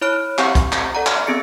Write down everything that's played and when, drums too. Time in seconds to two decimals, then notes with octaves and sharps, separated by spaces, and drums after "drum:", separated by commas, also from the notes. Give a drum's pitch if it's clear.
0.01 E4 C#5 B5 F6 F#6 D7
0.38 C4 G4 F#5 G#5 C#6 G6, drum: clap
0.55 drum: kick, hi-hat
0.72 drum: clap
0.95 A4 D5 F#5 A#5
1.06 drum: clap
1.27 B3 C4 G#4 A6 C#7